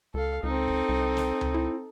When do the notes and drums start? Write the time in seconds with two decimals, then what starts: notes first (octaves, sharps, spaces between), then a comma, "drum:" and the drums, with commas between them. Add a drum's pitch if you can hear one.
0.14 C#2 A4 F5
0.43 C#2 C4 D#4 A4
0.68 drum: kick
0.89 C2
1.17 drum: snare
1.41 drum: tom C#2
1.54 E4